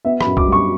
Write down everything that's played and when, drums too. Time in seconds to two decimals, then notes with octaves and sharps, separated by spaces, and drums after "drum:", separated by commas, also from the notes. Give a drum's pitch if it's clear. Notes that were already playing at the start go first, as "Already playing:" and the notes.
0.05 B3 E5
0.21 B5, drum: rim click
0.26 F#2
0.37 D6, drum: kick B1
0.48 G3 C#6